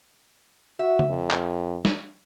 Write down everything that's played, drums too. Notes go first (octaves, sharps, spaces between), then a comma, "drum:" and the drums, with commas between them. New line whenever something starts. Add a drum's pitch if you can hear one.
F#4 E5
drum: tom C#3
F2
drum: clap
drum: snare